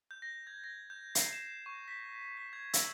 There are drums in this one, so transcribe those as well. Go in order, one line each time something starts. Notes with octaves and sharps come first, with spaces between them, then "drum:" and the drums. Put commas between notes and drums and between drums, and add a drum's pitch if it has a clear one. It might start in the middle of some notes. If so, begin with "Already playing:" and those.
G6
A#6
G#6
A#6
G6
C7, drum: hi-hat
E7
C#6
B6
B6
G#6
E6, drum: hi-hat